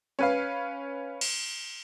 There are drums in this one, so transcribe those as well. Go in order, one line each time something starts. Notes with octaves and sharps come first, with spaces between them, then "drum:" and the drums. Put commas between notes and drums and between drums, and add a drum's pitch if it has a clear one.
C#4 B4 F5
drum: cymbal